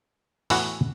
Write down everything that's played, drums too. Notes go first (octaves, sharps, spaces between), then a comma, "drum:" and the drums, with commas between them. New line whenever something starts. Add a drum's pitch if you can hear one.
A2 E3 B3 F#4, drum: open hi-hat